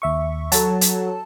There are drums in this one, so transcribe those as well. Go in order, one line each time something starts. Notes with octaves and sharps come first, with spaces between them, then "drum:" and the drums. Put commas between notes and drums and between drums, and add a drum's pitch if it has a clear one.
D#2 E5 C#6
F#3 A4 A5, drum: hi-hat
drum: hi-hat